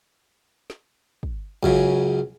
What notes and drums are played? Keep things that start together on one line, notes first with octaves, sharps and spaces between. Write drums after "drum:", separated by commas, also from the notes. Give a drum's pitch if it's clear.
drum: snare
drum: kick
C#2 F#2 C#3, drum: kick